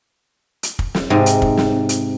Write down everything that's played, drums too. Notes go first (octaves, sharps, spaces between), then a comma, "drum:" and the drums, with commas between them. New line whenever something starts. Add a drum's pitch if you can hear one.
drum: hi-hat
drum: kick
drum: snare
G#2 C3
drum: hi-hat
drum: kick
drum: snare
drum: hi-hat